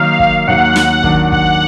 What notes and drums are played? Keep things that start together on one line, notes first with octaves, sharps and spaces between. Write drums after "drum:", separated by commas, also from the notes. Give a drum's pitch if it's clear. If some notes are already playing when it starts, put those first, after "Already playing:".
Already playing: D#3 F#3 A#3 D#4 F5
drum: kick
D#2 D#3 F#3 A#3 F#5
drum: snare
D#2 D#3 F#3 D4, drum: kick
F#5, drum: kick